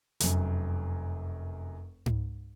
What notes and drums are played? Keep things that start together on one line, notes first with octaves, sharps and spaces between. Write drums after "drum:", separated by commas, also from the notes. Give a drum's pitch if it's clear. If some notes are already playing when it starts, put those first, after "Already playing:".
F1 F#2, drum: hi-hat
drum: tom G#2